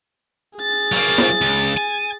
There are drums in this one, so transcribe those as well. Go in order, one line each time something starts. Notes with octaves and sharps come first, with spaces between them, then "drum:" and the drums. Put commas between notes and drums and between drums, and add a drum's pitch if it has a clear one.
G#4 A6
F#3 A#3, drum: open hi-hat
drum: snare
C#2
G#5